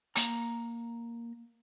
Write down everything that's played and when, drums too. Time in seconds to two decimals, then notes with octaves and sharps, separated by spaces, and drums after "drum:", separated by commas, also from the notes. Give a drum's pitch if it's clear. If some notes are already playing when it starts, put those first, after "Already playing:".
0.16 A#3 A#5, drum: hi-hat